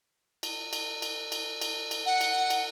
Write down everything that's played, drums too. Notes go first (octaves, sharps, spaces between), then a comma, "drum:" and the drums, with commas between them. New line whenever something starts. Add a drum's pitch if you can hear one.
drum: cymbal
drum: cymbal
drum: cymbal
drum: cymbal
drum: cymbal
drum: cymbal
F#5
drum: cymbal
drum: cymbal